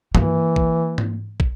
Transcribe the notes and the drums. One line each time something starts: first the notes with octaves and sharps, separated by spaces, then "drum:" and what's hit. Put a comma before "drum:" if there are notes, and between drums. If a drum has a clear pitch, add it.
E3 A#3, drum: tom G2
drum: kick
drum: tom G#2
drum: kick